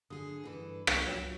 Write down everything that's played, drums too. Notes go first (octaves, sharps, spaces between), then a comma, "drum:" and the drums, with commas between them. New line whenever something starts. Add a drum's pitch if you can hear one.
D3 G#4 D#6
G2 E3 A4
B3 G5 C#6, drum: rim click
F#3 F4 F#4 C#5 E7